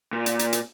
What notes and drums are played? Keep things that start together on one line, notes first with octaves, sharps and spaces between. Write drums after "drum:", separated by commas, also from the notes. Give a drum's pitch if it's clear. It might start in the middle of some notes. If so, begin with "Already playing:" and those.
A#2
drum: hi-hat
drum: hi-hat
drum: hi-hat